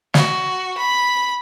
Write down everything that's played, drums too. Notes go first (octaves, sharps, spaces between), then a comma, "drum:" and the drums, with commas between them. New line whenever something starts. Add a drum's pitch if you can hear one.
F#4, drum: snare
B5